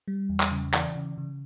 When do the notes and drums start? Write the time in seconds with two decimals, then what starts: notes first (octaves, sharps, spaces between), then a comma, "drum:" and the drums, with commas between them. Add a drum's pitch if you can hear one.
0.08 G3
0.29 E2
0.40 drum: clap
0.51 C#3
0.74 E3 D5, drum: clap
0.96 C#3
1.18 C#3